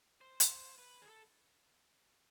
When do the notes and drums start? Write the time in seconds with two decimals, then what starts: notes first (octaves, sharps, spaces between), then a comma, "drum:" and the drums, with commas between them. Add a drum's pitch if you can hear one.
0.21 C5
0.40 drum: hi-hat
0.79 B4
1.02 G#4
1.08 A4